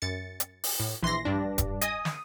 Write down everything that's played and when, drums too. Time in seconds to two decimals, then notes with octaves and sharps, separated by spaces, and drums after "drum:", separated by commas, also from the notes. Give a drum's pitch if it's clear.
0.02 F#2 A6 C#7
0.40 drum: hi-hat
0.63 drum: open hi-hat
0.80 A2
1.03 A#1 E3 C6 A#6
1.25 G2 D4
1.58 drum: kick E1, hi-hat
1.81 D#5 G#5 D#6, drum: hi-hat
2.05 drum: snare